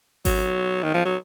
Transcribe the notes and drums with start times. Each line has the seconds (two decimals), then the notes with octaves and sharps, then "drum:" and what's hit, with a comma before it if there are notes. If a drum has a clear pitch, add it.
0.25 F#3, drum: kick G#1, open hi-hat
0.83 D#3
0.94 F3
1.05 F#3